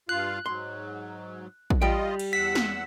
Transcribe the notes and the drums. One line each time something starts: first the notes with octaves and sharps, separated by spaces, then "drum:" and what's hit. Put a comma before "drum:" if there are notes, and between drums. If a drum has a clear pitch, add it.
G2 F4 F5 F#6
G#2 F#3 C6
drum: kick
G3 F4 D#5 G5
drum: cymbal
E2 F#5 E6 B6
drum: snare